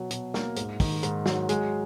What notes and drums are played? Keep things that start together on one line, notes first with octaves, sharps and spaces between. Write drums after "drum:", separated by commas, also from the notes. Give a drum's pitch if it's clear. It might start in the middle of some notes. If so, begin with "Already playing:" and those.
Already playing: B2 F#3
B2, drum: hi-hat
A#3, drum: snare
G#2, drum: hi-hat
D#3, drum: kick, open hi-hat
G#2, drum: hi-hat
F#3, drum: snare
G#3, drum: hi-hat